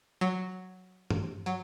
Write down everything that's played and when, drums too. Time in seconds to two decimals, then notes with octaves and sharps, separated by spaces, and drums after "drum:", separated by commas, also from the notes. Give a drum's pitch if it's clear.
0.21 F#3
1.10 drum: tom G2
1.46 F#3